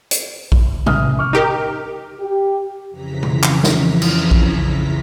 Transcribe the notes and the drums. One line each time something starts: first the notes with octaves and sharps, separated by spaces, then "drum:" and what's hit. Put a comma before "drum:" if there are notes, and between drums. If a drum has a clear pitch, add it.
drum: hi-hat
drum: kick A#1
A1 D#6 F6, drum: tom C3
C#6 D6 F6
D#4 G4 A#4
G4
F2 C#3 E3 A#5 B6
drum: tom B2
drum: clap
drum: snare
drum: cymbal
drum: kick A#1